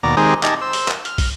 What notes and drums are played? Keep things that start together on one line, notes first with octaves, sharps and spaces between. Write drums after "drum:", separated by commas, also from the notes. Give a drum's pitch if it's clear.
D#2 B2 D5 A#5
D#3 G#3 C4 D#4 G4 G#4
D#4 G4 D#5 G#5 A5, drum: clap
C5 E6
drum: open hi-hat
drum: clap
F6, drum: hi-hat
drum: kick, open hi-hat